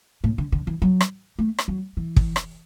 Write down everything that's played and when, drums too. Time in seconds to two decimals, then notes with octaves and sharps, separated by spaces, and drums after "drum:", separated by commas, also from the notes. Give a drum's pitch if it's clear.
0.24 A2
0.38 D3
0.52 D3
0.67 E3
0.82 F#3
1.01 drum: rim click
1.39 A3
1.58 drum: rim click
1.68 F#3
1.97 E3
2.16 drum: kick
2.36 drum: rim click